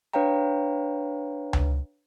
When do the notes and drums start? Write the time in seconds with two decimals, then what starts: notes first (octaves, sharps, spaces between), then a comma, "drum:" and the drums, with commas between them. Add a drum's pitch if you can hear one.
0.13 D4 B4 C#5 F5 G5 A#5
1.53 drum: tom C#2